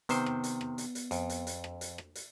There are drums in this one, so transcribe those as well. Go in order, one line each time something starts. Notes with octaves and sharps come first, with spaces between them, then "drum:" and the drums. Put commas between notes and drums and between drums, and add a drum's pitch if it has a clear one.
C3 D#3 B3 C5, drum: hi-hat
drum: rim click
drum: hi-hat
drum: rim click
drum: hi-hat
drum: hi-hat
F2, drum: hi-hat
drum: hi-hat
drum: hi-hat
drum: rim click
drum: hi-hat
drum: rim click
drum: hi-hat